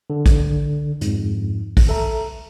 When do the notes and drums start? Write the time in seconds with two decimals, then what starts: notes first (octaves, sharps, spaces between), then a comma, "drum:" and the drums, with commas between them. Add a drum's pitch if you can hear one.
0.10 D3
0.26 drum: kick, hi-hat
1.01 F2 G#2, drum: hi-hat
1.77 drum: kick, open hi-hat
1.89 A4 E5 A#5